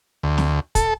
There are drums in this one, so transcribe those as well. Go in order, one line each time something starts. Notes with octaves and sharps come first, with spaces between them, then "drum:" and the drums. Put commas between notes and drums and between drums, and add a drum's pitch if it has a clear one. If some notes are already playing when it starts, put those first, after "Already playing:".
D2
drum: snare
A4, drum: kick, hi-hat